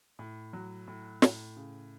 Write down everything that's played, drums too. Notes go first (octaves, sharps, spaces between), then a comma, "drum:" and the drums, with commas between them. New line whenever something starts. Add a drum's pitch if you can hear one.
A2
F#3
A2
A2, drum: snare
C#3